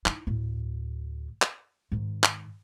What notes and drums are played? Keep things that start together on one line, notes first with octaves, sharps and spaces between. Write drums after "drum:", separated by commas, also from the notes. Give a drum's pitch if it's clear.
D#4 E4, drum: clap
D2 A2
drum: clap
G#2 D#3
drum: clap